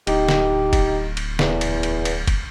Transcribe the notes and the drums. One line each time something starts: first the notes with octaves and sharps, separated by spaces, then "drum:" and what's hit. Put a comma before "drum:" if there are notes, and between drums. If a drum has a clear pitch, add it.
D1 D#4 G4, drum: cymbal
drum: snare
drum: kick, cymbal
drum: cymbal
E2, drum: snare
drum: cymbal
drum: cymbal
drum: cymbal
drum: kick, cymbal